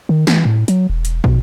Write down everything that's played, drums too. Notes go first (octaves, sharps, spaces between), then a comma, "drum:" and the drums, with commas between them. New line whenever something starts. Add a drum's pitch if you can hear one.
D#3
E3, drum: snare
A2
F#3, drum: hi-hat
E1
drum: hi-hat
B2, drum: kick